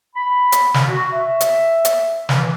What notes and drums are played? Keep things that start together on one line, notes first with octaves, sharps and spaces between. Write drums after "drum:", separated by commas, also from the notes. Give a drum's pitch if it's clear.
B5
drum: hi-hat
drum: snare
F#4
E5
drum: hi-hat
drum: hi-hat
E3, drum: snare